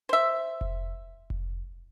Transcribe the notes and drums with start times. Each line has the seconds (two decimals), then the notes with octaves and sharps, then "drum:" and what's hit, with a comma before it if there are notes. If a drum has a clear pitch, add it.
0.09 C5 E5
0.61 drum: kick F1
1.30 drum: kick F1